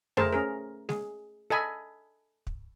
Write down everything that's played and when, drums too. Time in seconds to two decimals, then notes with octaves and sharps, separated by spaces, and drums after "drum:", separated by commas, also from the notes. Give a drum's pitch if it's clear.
0.17 A3 G#4 A#4 C5 A5, drum: tom F2
0.32 C#4 G#4 A#4
0.89 G#4, drum: snare G#3
1.50 A4 D#5 G#5 B5
2.47 drum: kick